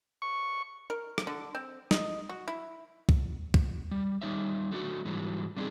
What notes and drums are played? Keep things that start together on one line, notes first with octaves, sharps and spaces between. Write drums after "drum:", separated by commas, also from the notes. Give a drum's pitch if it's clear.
C#6
A#4
drum: rim click
D3
C4
D#5, drum: snare
F#4
E4
drum: kick
drum: kick
G3
G3 D#4 C#5 E5
F#3 A3 D4 F#4
G#2 E3 F#3 G3
G3 C4 D4 D#4 G4 G#4